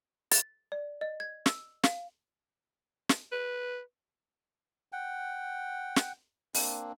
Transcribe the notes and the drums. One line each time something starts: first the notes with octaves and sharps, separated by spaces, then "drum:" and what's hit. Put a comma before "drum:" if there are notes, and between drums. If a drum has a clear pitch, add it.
A6, drum: hi-hat
D5
D#5
G#6
E6, drum: snare
F5, drum: snare
drum: snare
B4
F#5 G5
drum: snare
A#3 C4 D4, drum: open hi-hat